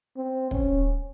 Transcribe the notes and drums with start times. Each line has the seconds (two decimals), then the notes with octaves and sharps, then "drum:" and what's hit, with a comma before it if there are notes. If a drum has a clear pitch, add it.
0.17 C4
0.51 C#4, drum: kick